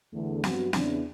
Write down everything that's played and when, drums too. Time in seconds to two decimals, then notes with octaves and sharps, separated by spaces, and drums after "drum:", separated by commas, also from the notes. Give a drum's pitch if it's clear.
0.13 E2 D3 A3
0.44 G2 F#3 B3 F#4, drum: snare
0.73 E2 C#3 E3 B3 D4, drum: snare